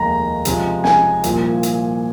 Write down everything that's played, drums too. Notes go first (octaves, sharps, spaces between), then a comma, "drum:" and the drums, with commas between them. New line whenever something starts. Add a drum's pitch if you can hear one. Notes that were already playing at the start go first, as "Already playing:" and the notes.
Already playing: F1 D#2 D#3 G#3 A#5
C#2 C3 F3 G#3, drum: hi-hat
G#5, drum: snare
C2 A#2 F3, drum: hi-hat
drum: hi-hat